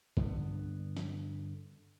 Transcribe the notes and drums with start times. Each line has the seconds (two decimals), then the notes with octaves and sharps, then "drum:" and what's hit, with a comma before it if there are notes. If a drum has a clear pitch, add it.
0.17 G2 D3 B3, drum: kick A#1
0.97 drum: snare